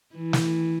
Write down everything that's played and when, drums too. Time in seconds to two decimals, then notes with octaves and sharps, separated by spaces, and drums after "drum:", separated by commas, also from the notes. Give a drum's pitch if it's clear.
0.15 E3
0.33 drum: snare